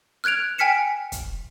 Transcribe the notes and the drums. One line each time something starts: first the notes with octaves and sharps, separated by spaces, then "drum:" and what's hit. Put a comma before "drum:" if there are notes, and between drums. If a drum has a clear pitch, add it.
F6 F#6 G#6 D7 F7
G5 G#5 F6 B6 C#7 E7
drum: kick, hi-hat